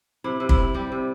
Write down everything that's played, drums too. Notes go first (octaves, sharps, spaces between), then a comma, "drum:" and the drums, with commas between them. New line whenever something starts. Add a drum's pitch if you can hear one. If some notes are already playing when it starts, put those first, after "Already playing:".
C3 E4
C3
E4, drum: kick
C4
G3 G4
C3